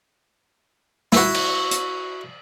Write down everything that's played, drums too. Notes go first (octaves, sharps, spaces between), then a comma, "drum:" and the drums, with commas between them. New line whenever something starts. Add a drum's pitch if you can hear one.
E4 F#4, drum: snare
drum: cymbal
drum: hi-hat